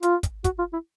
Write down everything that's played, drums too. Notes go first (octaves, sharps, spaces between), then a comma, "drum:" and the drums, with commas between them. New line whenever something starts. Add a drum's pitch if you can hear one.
F4, drum: hi-hat
drum: kick, hi-hat
F#4, drum: kick, hi-hat
F4
E4